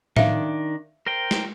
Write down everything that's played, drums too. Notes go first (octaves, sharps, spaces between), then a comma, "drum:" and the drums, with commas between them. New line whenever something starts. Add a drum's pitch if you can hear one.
D#3 D4 E5 F5, drum: tom A2
A#4 C5 G5
drum: snare